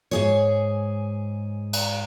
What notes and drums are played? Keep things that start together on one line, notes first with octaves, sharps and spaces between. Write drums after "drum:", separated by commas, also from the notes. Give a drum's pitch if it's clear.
G#2 G#4 C#5
drum: cymbal